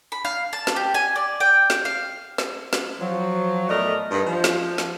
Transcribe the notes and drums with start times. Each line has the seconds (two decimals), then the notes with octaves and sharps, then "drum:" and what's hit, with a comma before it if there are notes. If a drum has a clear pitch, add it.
0.12 B5
0.25 F5
0.53 A5
0.67 drum: snare
0.76 G4
0.94 G#5
1.16 D5
1.40 G5
1.70 drum: snare
1.85 F5
2.38 drum: snare
2.73 drum: snare
3.00 F3 F#3
3.69 A2 A3 B3 A#4 D5 D#5
4.11 G2 D#3 D#5
4.27 F3
4.44 drum: snare
4.78 drum: snare